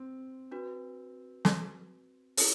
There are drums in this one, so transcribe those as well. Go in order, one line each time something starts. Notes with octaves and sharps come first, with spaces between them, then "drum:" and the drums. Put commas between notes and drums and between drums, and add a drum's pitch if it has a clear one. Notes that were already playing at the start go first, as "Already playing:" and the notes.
Already playing: C4
D4 F#4 B4
drum: snare
C#4 E4 A4 C#5, drum: open hi-hat